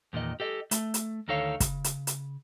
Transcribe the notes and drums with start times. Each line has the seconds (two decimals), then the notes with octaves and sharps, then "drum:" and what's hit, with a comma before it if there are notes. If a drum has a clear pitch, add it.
0.13 E2 A#2 D#3 D#5
0.40 G4 A4 D#5
0.71 A3, drum: hi-hat
0.94 drum: hi-hat
1.28 D2 D#3 D#4 A4 C#5 F5
1.60 C#3, drum: kick, hi-hat
1.84 drum: hi-hat
2.07 drum: hi-hat